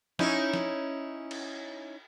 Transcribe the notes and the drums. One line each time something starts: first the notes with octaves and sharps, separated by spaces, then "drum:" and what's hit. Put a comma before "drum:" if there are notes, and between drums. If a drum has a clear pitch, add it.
C#4 D#4 E4, drum: snare
drum: snare
drum: cymbal